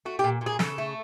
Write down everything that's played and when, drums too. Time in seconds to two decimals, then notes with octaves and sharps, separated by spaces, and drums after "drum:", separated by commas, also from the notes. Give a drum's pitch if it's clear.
0.05 A3 F#4
0.19 G4
0.24 A#2
0.41 A#2
0.46 G#4
0.59 C#3 A4, drum: snare
0.78 A3